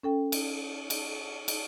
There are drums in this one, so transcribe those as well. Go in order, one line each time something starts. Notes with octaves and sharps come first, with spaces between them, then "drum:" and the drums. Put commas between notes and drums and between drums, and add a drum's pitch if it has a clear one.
C#4 A4 G5
drum: cymbal
drum: cymbal
drum: cymbal